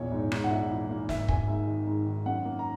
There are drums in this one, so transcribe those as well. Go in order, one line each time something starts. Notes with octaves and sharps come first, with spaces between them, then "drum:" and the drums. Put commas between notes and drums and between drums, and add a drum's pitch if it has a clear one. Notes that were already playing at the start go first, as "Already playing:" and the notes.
Already playing: A#1 E2 C#5
G#2
G#2, drum: rim click
F#5
A#1 E5
E3
A#3
G#1 E5, drum: snare
G#1 G#5, drum: kick
G#2 E5
D#3
G#2
D#3
F#2 F#5
A#3
A#5